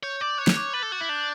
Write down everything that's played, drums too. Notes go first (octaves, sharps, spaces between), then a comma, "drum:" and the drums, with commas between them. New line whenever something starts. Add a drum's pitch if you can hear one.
C#5 G6
D5 D6
C#5 F#6
drum: snare
D6
B4 A6
A4
F#4 F#6
E4
D4 G6